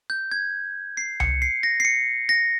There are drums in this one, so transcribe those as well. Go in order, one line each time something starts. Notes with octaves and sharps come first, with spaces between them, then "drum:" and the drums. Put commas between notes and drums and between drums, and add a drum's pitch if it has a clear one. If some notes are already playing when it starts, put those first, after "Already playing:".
G6
G#6
C7
C#7, drum: tom C2
C7
A#6
C7
C#7
A#6